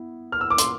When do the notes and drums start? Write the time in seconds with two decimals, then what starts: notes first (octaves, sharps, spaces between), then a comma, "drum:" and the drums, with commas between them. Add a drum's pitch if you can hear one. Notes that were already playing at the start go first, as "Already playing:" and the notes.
Already playing: B3 E4
0.32 F6
0.41 E6
0.50 D6
0.58 C6, drum: hi-hat